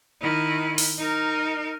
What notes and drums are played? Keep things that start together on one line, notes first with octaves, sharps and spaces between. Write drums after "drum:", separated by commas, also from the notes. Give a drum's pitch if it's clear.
D#3 E4
drum: open hi-hat
D#4 A#4